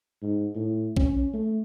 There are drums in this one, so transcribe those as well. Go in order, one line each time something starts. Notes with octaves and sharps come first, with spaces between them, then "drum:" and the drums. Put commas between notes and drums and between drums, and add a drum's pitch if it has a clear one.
G#2
A2
C#4, drum: kick B1
A3